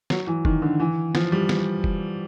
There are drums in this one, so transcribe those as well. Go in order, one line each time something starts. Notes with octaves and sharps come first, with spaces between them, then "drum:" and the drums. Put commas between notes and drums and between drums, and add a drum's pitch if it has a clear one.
F#3, drum: snare
E3
D#3, drum: kick F1
D3
E3
F3, drum: snare
G3
drum: snare
drum: kick F1